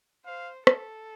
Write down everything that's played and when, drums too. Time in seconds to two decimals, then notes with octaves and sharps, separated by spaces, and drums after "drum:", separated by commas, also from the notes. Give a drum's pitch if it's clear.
0.26 C5 F5
0.67 A4, drum: rim click